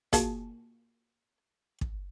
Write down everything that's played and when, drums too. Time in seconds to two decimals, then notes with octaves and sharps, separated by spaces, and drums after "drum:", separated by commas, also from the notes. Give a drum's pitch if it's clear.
0.13 A#2 A#3 F#4 G#4 A5, drum: kick, hi-hat
1.81 drum: kick